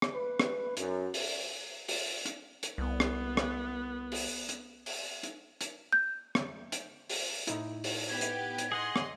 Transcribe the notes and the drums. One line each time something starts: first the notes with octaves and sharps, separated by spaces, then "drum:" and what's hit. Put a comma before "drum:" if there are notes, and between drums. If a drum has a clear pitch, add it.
drum: rim click
B4
drum: rim click
F#2, drum: hi-hat
drum: open hi-hat
drum: open hi-hat
drum: hi-hat
drum: hi-hat
C2 B3
drum: rim click
drum: rim click
drum: open hi-hat
drum: hi-hat
drum: open hi-hat
drum: hi-hat
drum: hi-hat
G6
drum: rim click
drum: hi-hat
drum: open hi-hat
A2 D#4 E4, drum: hi-hat
drum: open hi-hat
B3 G4 G#6
drum: hi-hat
drum: hi-hat
G#4 D#5 F#5 C6
drum: rim click